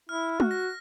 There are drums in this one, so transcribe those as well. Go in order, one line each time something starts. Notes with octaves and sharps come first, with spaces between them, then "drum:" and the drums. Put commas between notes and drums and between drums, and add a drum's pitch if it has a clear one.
E4 F6
F6
F#4, drum: tom
A#6